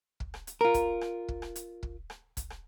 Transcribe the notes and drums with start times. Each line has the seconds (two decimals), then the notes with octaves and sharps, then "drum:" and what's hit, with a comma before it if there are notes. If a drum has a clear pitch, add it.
0.20 drum: kick
0.34 drum: rim click
0.47 drum: hi-hat
0.61 F4 A#4
0.74 drum: kick, hi-hat
1.01 drum: rim click
1.28 drum: kick
1.42 drum: rim click
1.56 drum: hi-hat
1.83 drum: kick
2.10 drum: rim click
2.37 drum: kick, hi-hat
2.50 drum: rim click